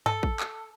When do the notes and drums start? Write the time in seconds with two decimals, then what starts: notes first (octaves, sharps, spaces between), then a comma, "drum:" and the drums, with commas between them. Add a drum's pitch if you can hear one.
0.06 A4, drum: tom G2
0.23 drum: kick A1
0.40 drum: clap